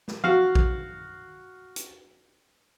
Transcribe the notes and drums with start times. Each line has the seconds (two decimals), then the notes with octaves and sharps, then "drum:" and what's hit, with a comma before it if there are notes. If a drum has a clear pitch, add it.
0.08 drum: snare
0.24 F#4 F5, drum: tom E3
0.55 drum: kick A#1
1.76 drum: hi-hat